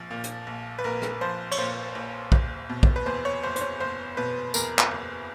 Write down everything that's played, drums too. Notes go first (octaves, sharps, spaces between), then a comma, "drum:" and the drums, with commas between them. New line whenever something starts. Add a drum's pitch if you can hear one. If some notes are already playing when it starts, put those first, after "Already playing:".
Already playing: A#1 F3
A#2
drum: hi-hat
A#1
B4
A#1 A#4
drum: rim click
F3 C5
C#5, drum: cymbal
A#2 C5
A#1
F#1, drum: kick
B2
drum: kick
B4
E2 C5
C#5
F#1 C5
C5, drum: hi-hat
C#5
F#1 C5
B2 B4
E2 A#4, drum: tambourine
drum: clap
F#1